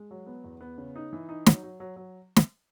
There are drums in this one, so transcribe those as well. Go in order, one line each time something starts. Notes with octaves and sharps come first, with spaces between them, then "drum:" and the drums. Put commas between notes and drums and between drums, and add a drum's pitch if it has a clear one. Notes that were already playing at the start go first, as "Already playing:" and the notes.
Already playing: G#3
F#3
B3
E2
B3
C#3
D#4
E3
D#4
F#3, drum: snare
F#3
F#3
F#3
drum: snare